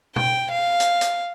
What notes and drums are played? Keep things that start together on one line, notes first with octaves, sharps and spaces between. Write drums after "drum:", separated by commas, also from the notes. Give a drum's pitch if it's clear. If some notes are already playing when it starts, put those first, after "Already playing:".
G5, drum: tom B2
F5
drum: hi-hat
drum: hi-hat